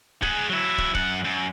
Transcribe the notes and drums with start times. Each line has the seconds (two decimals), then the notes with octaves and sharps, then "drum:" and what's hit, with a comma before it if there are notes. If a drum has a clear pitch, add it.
0.22 G#4 F#5, drum: kick
0.49 F#3 E4
0.78 drum: kick
0.94 F#2 F#5, drum: kick
1.25 F#2